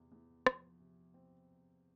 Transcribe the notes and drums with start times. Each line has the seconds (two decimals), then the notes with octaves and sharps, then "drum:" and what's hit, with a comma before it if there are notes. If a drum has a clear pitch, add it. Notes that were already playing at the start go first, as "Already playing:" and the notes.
Already playing: E2 C3
0.12 E2
0.46 F3, drum: rim click
0.80 C3
1.14 C4